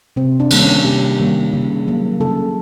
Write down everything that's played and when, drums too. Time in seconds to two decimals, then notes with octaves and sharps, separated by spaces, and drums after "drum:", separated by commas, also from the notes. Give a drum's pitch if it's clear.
0.16 C3 C4
0.40 D4
0.50 D#3 G3 A#3, drum: cymbal
0.63 C#4
0.84 C3 G4
1.20 D#3 G3 A#3
1.53 C#3
1.88 F#3 A#3
2.20 C#3 A4